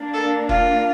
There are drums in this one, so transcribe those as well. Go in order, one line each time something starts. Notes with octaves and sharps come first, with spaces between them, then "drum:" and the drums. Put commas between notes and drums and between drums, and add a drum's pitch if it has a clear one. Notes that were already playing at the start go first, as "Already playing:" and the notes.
Already playing: A#3 D4
A4
F4, drum: kick F1